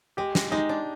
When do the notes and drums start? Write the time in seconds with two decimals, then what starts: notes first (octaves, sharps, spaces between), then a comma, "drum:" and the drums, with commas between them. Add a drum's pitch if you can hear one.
0.17 G#3 G4
0.35 G#3, drum: snare
0.52 G#3 D#4
0.69 D4